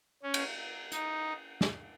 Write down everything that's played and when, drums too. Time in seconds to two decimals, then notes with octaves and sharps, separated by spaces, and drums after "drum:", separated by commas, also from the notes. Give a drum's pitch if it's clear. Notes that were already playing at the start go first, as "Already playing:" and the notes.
0.23 C#4
0.34 drum: cymbal
0.92 D#4, drum: hi-hat
1.61 drum: snare